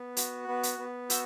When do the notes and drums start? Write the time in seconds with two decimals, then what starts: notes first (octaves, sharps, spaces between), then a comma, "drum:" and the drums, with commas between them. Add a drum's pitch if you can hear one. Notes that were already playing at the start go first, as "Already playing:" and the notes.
Already playing: B3
0.17 F#4, drum: hi-hat
0.48 B3
0.63 drum: hi-hat
0.78 B3
1.10 F#4 E6 G6, drum: hi-hat